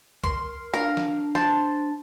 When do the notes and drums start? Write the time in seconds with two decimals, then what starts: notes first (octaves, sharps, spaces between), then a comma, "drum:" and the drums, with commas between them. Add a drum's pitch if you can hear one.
0.24 A#4 C6, drum: kick C2
0.74 D4 A#4 F5
0.97 drum: snare
1.35 C5 A5, drum: snare